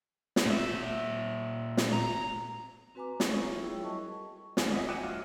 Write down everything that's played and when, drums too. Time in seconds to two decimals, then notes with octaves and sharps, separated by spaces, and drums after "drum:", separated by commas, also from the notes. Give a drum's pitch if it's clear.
0.36 drum: snare
0.45 A#2 E5
1.77 drum: snare
1.93 A#5
2.95 C4 F#4 B4 G#5 A#5 D6
3.20 D4 E4 A4 C#5 C#6, drum: snare
3.42 F#3 E4 F4 C#5 E5
3.60 E4 G#4 G5
3.84 G3 F#4 A#4 D#5 A5 C#6
4.57 D#2 A#3 G#5, drum: snare
4.72 C#5 D#5 E5 F#5
4.88 G5 D6 F#6 C#7 D#7 E7
5.01 F#3 F4